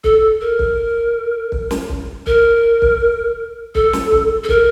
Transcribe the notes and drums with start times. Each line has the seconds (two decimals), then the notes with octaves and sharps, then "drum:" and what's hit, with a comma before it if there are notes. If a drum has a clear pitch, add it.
0.04 A4, drum: kick
0.41 A#4
0.59 drum: kick
1.52 drum: kick
1.71 drum: snare
1.89 drum: kick
2.26 A#4, drum: kick
2.82 drum: kick
3.75 A4, drum: kick
3.93 drum: snare
4.12 drum: kick
4.44 A4
4.49 A#4, drum: kick